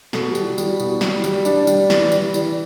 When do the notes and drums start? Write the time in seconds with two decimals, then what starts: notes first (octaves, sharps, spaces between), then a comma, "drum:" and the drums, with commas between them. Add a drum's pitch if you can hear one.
0.13 B2 A4, drum: snare
0.24 F#4
0.30 G4
0.35 G3, drum: tambourine
0.42 E4
0.46 F#4
0.58 G3, drum: tambourine
0.63 E4
0.80 B2, drum: tambourine
1.01 G3, drum: snare
1.24 G3, drum: tambourine
1.45 D4 D5, drum: tambourine
1.67 G3, drum: tambourine
1.90 E3, drum: snare
2.12 G3, drum: tambourine
2.34 E3, drum: tambourine